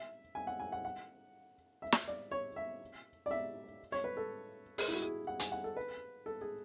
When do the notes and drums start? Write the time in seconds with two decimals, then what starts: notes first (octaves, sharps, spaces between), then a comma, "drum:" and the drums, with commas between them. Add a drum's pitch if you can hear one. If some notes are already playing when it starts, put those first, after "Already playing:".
Already playing: E5
0.35 G#5
0.47 F#5
0.60 G#5
0.72 F#5
0.85 F#5
1.82 E5
1.92 drum: snare
2.08 D5
2.31 C#5
2.56 E5
3.26 D5
3.31 E5
3.92 C#5
4.04 B4
4.17 A4
4.78 G#4, drum: open hi-hat
4.88 E4
4.95 F#4
5.02 G#4
5.27 F#5
5.40 G#5, drum: hi-hat
5.52 F#5
5.64 A4
5.76 B4
6.26 A4
6.41 G#4